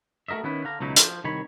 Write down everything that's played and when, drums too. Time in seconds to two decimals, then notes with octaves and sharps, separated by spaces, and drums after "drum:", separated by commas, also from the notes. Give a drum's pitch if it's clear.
0.28 A3 F#4 A#4 D#5 E5
0.44 D#3 B3 C#4 E4 B4
0.64 D3 F5 A#5
0.80 C#2 B2 F#3 D#4 E4
0.96 F3, drum: hi-hat
1.24 C2 D#3 C#5 B5